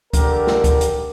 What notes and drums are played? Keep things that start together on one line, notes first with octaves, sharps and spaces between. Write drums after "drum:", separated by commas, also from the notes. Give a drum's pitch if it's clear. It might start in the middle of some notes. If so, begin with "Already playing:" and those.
D3 G4 A#4, drum: kick C#2, hi-hat
drum: snare
drum: kick C#2, hi-hat
drum: hi-hat